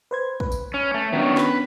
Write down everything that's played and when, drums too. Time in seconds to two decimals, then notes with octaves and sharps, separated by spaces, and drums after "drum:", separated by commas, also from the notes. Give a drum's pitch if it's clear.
0.11 B4 C5 G#6
0.40 B4, drum: kick
0.52 drum: tambourine
0.74 C#4
0.94 A3
1.13 D#3 F#3 B3 C#4 D4
1.37 B4, drum: snare